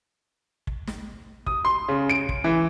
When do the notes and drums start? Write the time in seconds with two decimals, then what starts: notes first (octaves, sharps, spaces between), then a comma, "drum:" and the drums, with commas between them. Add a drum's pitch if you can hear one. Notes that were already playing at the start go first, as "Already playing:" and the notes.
0.67 drum: kick
0.87 drum: snare
1.46 D#6, drum: kick
1.65 C6
1.88 C#3
2.10 D7
2.29 drum: kick
2.44 E3